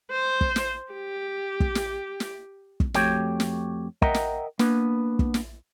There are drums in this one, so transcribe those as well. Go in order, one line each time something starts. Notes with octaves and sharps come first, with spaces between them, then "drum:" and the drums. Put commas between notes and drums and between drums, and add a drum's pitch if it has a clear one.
C5
drum: kick
drum: snare
G4
drum: kick
drum: snare
drum: snare
drum: kick
F2 A3 F#4 G4 C#5 G5, drum: snare
drum: snare
A#4 D#5 E5 F#5 G5 A#5, drum: kick
drum: snare
A#3 B3 D4 B4, drum: snare
drum: kick
drum: snare